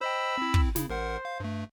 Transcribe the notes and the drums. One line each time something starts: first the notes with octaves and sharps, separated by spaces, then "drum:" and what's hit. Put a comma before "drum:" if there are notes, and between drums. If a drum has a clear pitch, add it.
C5 D#5 G5 B5 E6
C4 E4
drum: kick
C#3 E4, drum: snare
A1 A#4 C5 F#5
F5
G2 A3